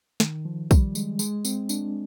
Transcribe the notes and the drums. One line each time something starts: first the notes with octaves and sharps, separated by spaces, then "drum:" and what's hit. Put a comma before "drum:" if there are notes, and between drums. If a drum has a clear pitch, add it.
D#3, drum: snare
F3
G3, drum: kick, tambourine
G#3, drum: tambourine
G#3, drum: tambourine
C4, drum: tambourine
D4, drum: tambourine